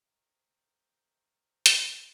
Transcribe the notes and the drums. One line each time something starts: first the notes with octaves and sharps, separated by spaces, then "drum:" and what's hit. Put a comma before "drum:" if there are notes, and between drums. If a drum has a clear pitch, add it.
A3 C5 D#5 F5 G5 A#5
drum: hi-hat